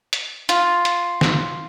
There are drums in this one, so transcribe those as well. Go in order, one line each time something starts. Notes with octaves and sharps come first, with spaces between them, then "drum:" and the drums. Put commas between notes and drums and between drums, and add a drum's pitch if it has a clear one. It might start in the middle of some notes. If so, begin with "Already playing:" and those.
drum: hi-hat
F4, drum: hi-hat
drum: hi-hat
drum: snare